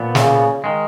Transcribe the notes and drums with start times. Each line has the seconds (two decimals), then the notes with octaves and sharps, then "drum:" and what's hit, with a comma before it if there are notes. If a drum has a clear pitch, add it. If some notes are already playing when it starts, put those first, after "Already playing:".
Already playing: A#2 F3 B3
0.15 C#3, drum: snare
0.64 D#3 G#3